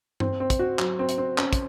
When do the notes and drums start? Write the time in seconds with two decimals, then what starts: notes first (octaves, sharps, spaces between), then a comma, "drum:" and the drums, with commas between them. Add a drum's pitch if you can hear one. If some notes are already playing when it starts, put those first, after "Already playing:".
0.20 C4, drum: tom G2
0.40 C4
0.50 drum: kick, hi-hat
0.59 F#4
0.79 F#3, drum: clap
0.99 C4
1.09 drum: hi-hat
1.18 C4
1.38 C#4, drum: clap
1.53 drum: kick, hi-hat